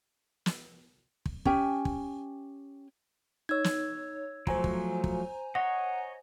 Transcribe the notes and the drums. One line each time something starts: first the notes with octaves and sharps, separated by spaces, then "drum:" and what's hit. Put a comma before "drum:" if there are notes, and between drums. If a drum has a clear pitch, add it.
drum: snare
drum: kick
C#4 G4 G5 G#5, drum: kick
drum: kick
D#4 C#5 E6 G#6
drum: snare
F3 F#3 A3 C5 G#5 A#5, drum: kick
drum: kick
drum: kick
C#5 D#5 F#5